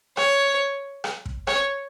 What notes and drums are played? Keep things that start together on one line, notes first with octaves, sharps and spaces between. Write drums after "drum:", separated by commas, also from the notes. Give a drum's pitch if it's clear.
C#5, drum: rim click
drum: rim click
drum: kick
C#5, drum: rim click